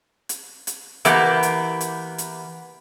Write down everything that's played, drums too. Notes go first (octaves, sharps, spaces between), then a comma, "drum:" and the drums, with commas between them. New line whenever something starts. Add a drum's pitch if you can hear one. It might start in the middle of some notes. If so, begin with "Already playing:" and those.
drum: hi-hat
drum: hi-hat
E3 A#3 B3 G4, drum: hi-hat
drum: hi-hat
drum: hi-hat
drum: hi-hat